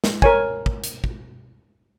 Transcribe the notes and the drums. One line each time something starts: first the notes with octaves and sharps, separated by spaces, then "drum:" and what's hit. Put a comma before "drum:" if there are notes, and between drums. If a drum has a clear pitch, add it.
drum: snare
A#4 C#5 G#5, drum: kick
drum: kick
drum: hi-hat
drum: kick